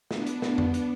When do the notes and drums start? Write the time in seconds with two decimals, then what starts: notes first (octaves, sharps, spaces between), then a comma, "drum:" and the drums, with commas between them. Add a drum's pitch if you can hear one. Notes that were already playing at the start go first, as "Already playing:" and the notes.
0.11 B3 D4, drum: snare
0.26 drum: hi-hat
0.42 drum: snare
0.58 drum: tom F2
0.74 drum: hi-hat